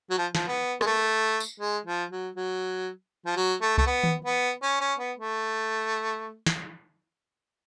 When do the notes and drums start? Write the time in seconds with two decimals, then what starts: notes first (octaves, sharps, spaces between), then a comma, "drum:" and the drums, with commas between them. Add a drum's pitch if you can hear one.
0.10 F#3
0.18 F3
0.35 F3, drum: snare
0.47 B3
0.81 G#3, drum: rim click
0.86 A3
1.40 drum: tambourine
1.60 G#3
1.86 F3
2.11 F#3
2.36 F#3
3.26 F3
3.36 F#3
3.61 A3
3.78 A3, drum: kick C2
3.87 B3
4.03 drum: tom D#3
4.25 B3
4.62 C#4
4.80 C#4
4.99 B3
5.18 A3
6.46 drum: snare